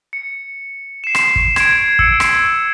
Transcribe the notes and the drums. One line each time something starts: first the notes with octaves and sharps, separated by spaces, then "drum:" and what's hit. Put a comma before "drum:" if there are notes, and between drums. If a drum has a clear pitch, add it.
C#7
C7 E7
drum: rim click
drum: kick
G#6 D7, drum: rim click
E6 C#7, drum: kick
drum: rim click